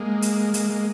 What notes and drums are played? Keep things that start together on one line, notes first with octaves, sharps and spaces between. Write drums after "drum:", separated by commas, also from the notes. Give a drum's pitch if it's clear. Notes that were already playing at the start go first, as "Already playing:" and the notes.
Already playing: G#3 A#3
drum: hi-hat
G#3 A#3, drum: hi-hat
G#3 A#3